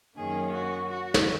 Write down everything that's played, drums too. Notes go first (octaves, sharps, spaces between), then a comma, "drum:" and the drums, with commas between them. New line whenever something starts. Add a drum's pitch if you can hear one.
F#2 D#3 A#3 C#4 G#4
F#4
F#4
drum: snare